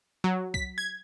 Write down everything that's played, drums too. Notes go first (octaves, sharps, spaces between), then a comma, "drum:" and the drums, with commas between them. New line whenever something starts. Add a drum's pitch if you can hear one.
F#3
B6, drum: kick C2
G#6